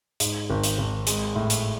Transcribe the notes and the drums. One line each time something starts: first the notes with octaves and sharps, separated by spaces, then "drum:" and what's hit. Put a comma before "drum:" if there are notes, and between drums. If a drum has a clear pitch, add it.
G#2, drum: hi-hat
G#1
drum: hi-hat
G#1
G#3, drum: hi-hat
A2
drum: hi-hat